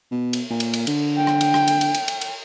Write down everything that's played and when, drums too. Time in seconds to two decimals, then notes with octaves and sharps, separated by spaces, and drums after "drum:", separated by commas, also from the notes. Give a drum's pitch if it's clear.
0.11 B2
0.33 drum: cymbal
0.50 A#2
0.60 drum: cymbal
0.73 drum: cymbal
0.87 D3, drum: cymbal
1.18 G5
1.27 drum: rim click
1.41 drum: cymbal
1.54 drum: rim click
1.68 drum: cymbal
1.81 drum: cymbal
1.94 drum: cymbal
2.08 drum: cymbal
2.21 drum: cymbal